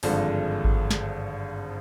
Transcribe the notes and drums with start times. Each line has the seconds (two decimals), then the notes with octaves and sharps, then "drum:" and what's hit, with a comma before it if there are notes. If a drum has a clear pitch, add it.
0.03 G#1 G2 D3 F3 G#3, drum: open hi-hat
0.64 drum: kick G#1
0.91 drum: snare